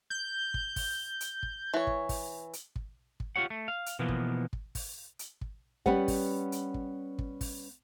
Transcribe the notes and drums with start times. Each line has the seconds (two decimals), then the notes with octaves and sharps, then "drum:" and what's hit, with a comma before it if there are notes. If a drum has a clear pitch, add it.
0.10 G6
0.54 drum: kick
0.76 drum: kick, open hi-hat
1.21 drum: hi-hat
1.43 drum: kick
1.74 E3 C#5
1.87 drum: kick
2.09 drum: kick, open hi-hat
2.53 drum: hi-hat
2.76 drum: kick
3.20 drum: kick
3.36 F4 G4 C#5 F#5
3.50 A3
3.68 F5
3.86 drum: hi-hat
3.99 B2 E3 F3 A#3 B3
4.08 drum: kick
4.53 drum: kick
4.75 drum: kick, open hi-hat
5.19 drum: hi-hat
5.41 drum: kick
5.86 G3 B3 C#4 B4 F#5, drum: kick
6.08 drum: kick, open hi-hat
6.52 drum: hi-hat
6.74 drum: kick
7.19 drum: kick
7.41 drum: kick, open hi-hat